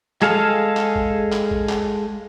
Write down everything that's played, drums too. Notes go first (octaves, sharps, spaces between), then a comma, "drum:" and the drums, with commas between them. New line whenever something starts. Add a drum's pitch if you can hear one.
G#3 G#4 A4 F5, drum: clap
drum: clap
drum: kick
drum: clap
drum: kick
drum: clap